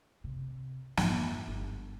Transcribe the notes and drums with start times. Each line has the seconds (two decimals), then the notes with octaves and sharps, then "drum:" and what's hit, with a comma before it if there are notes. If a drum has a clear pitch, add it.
0.24 C3
0.97 F2 G#2, drum: snare
1.48 G1